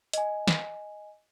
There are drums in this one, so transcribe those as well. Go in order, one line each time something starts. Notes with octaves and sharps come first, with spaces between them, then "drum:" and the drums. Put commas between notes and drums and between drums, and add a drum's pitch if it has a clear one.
D#5 G#5, drum: hi-hat
drum: snare